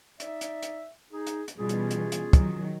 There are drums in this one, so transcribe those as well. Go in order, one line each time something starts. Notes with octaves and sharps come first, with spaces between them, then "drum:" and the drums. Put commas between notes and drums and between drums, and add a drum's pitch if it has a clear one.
D#4 D5 E5, drum: hi-hat
drum: hi-hat
drum: hi-hat
D#4 G#4
drum: hi-hat
drum: hi-hat
B2 E3 G3 C#4 F4 G#4
drum: hi-hat
drum: hi-hat
drum: hi-hat
D#3 F#3, drum: kick, hi-hat